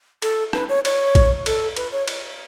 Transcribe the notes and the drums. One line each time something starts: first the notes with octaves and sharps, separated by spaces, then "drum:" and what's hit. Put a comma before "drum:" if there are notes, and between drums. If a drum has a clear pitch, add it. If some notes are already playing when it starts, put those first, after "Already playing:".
A4, drum: cymbal
B4, drum: rim click
C#5
C#5, drum: cymbal
drum: kick A#1, cymbal
A4, drum: cymbal
B4, drum: cymbal
C#5
drum: cymbal